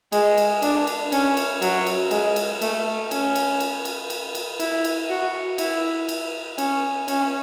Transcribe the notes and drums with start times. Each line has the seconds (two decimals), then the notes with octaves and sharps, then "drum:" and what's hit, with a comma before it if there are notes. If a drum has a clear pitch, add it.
0.12 G#3, drum: cymbal
0.37 drum: cymbal
0.62 D4, drum: cymbal
0.87 drum: cymbal
1.12 C#4, drum: cymbal
1.37 drum: cymbal
1.62 F#3, drum: cymbal
1.86 drum: cymbal
2.11 G#3, drum: cymbal
2.36 drum: cymbal
2.62 A3, drum: cymbal
3.11 C#4, drum: cymbal
3.35 drum: cymbal
3.60 drum: cymbal
3.85 drum: cymbal
4.10 drum: cymbal
4.35 drum: cymbal
4.60 E4, drum: cymbal
4.84 drum: cymbal
5.10 F#4
5.58 E4, drum: cymbal
6.09 drum: cymbal
6.58 C#4, drum: cymbal
7.08 C#4, drum: cymbal